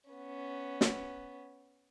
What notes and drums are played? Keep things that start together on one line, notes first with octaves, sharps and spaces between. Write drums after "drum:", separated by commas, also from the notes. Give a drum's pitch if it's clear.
B3 C#4
drum: snare